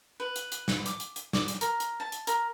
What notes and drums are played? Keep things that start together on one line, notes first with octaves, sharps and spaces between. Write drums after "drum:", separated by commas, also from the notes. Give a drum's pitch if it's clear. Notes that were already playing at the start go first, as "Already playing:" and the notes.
B4
drum: hi-hat
drum: hi-hat
drum: snare
D6, drum: hi-hat
drum: hi-hat
drum: hi-hat
D6, drum: snare
drum: hi-hat
A#4, drum: hi-hat
drum: hi-hat
A5
drum: hi-hat
A#4, drum: hi-hat